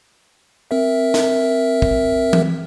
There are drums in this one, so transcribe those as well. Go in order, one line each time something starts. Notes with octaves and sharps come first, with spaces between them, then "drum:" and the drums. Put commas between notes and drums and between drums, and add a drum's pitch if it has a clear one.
C4 A#4 E5
drum: snare
drum: kick
drum: tom E3